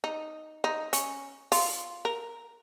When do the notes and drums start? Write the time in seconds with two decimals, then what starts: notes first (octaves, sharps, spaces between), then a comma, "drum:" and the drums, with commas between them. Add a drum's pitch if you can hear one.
0.04 D#4
0.64 D#4
0.93 C#4, drum: hi-hat
1.52 F4, drum: open hi-hat
2.05 A#4